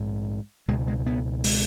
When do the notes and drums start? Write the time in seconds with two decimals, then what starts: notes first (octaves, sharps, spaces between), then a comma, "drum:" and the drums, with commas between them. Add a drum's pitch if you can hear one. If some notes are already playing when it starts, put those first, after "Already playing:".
Already playing: A#1 G#2
0.68 C#2 B2 G#3
0.87 G#3
1.06 B3
1.44 G#3, drum: open hi-hat